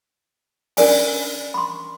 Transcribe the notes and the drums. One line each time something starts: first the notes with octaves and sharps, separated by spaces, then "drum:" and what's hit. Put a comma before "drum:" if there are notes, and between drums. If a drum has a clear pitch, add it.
C#4 D4 A#4 D5 G#5, drum: open hi-hat
B5 C6